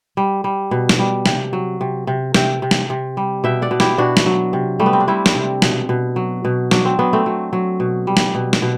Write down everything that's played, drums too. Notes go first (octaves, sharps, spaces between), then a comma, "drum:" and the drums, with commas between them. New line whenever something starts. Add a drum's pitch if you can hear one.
G3
G3
B2
drum: snare
G3
C3, drum: snare
F#3
C3
C3
C3 E5 G5, drum: snare
C3
drum: snare
C3
G3
B2 E5 G5
D5 F#5
B2
E4 G4, drum: snare
B2 D4 F#4
drum: snare
F#3
C3
G3 A3
B3
C4
D4
G3 C4 E4
drum: snare
C3
B2, drum: snare
B2
F#3
B2
F#3 D4, drum: snare
C4
F#3 B3
A3 C4
F#3
F#3
B2
G3
drum: snare
B2
drum: snare
B2